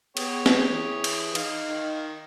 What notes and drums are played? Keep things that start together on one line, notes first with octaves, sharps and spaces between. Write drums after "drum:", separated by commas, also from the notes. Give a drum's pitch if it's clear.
B3 G4 G#4 C#5, drum: cymbal
drum: snare
E3
drum: cymbal
D#4 F5, drum: cymbal
D#3